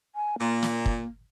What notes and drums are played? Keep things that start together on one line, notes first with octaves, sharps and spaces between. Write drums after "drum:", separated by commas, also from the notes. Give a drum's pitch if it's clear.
G#5
A#2 A#3
drum: snare
drum: kick